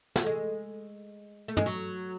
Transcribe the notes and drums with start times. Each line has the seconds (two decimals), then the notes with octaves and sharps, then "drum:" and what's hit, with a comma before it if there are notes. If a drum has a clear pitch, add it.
0.16 A3, drum: snare
0.26 G#3
1.48 A3
1.57 G#3, drum: tom
1.66 F#3